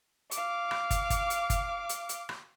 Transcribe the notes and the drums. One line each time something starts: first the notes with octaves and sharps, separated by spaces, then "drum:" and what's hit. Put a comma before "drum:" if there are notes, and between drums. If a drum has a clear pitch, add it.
F5 D6, drum: hi-hat
drum: rim click
drum: kick, hi-hat
drum: kick, hi-hat
drum: hi-hat
drum: kick, hi-hat
drum: hi-hat
drum: hi-hat
drum: rim click